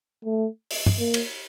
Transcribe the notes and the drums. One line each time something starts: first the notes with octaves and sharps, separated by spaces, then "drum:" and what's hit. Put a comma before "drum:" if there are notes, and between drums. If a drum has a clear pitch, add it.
A3
drum: open hi-hat
drum: tom
A#3
drum: cymbal